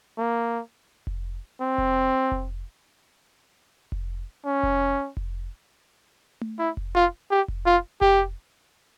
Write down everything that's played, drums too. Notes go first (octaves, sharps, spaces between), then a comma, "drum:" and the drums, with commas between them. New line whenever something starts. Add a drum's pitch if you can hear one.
A#3
drum: kick F1
C4
drum: kick F1
drum: kick F1
drum: kick F1
C#4
drum: kick F1
drum: kick F1
drum: tom A3
E4
drum: kick F1
F4
G4
drum: kick F1
F4
G4, drum: kick F1